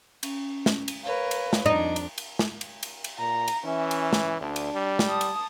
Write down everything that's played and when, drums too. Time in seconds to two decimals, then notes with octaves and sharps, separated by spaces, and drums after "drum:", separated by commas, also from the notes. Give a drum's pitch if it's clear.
0.23 C#4, drum: cymbal
0.66 drum: snare
0.88 drum: cymbal
1.03 A#4 B4 C#5 F5
1.31 drum: cymbal
1.53 drum: snare
1.66 F2 D4 D#4 A#5
1.96 drum: cymbal
2.18 drum: cymbal
2.39 drum: snare
2.61 drum: cymbal
2.83 drum: cymbal
3.04 drum: cymbal
3.18 A#2 A#5
3.48 drum: cymbal
3.65 E3 C#4 E5
3.91 drum: cymbal
4.13 drum: snare
4.41 D2 D4
4.56 drum: cymbal
4.74 G3
4.99 drum: snare
5.09 A5 D#6
5.21 drum: cymbal